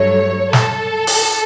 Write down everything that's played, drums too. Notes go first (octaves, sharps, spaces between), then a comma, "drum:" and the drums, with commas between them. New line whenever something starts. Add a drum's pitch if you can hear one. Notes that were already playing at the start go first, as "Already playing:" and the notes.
Already playing: G2 F#3 A3 C#5
A4, drum: snare
drum: open hi-hat